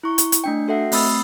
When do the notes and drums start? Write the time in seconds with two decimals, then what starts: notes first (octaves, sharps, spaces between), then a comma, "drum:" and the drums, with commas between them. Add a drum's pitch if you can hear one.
0.03 E4 C#6
0.18 drum: hi-hat
0.32 drum: hi-hat
0.44 A3 D4 G5
0.68 F#4 A4 E5 F#5
0.92 A3 C4 B5 D#6 E6 A6, drum: open hi-hat